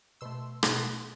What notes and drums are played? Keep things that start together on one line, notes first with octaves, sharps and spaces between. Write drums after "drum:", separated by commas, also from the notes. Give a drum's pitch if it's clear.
B2 A3 C6 E6
B2 A3 D#6 F#6, drum: rim click